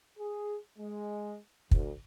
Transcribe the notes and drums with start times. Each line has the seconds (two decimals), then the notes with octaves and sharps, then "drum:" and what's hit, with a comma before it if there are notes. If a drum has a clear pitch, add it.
0.18 G#4
0.79 G#3
1.71 D2, drum: kick